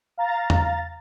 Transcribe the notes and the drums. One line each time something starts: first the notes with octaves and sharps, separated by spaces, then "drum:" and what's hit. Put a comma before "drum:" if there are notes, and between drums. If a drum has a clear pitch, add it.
F5 A#5 A6
drum: tom E2